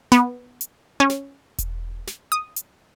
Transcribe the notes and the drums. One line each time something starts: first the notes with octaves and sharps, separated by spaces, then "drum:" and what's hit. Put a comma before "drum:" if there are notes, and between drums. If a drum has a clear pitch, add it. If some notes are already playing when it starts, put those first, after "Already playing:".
B3, drum: snare
drum: hi-hat
C#4
drum: snare
drum: kick E1, hi-hat
drum: snare
D#6
drum: hi-hat